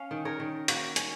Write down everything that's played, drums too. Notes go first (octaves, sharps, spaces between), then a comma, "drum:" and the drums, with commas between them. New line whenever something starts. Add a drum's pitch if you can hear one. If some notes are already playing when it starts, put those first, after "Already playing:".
Already playing: C#4 F5
D#3
A#4 C#5
D#3
A#3 F#4, drum: hi-hat
C#4, drum: hi-hat